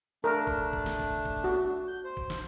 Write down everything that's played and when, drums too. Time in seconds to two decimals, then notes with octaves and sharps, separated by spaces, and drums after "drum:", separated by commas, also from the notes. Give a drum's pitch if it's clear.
0.24 A3 D4 A#4
0.47 drum: kick
0.73 drum: kick
0.86 drum: snare
0.99 drum: kick
1.25 drum: kick
1.44 F#4
1.88 G6
2.04 C5
2.17 drum: kick
2.30 drum: snare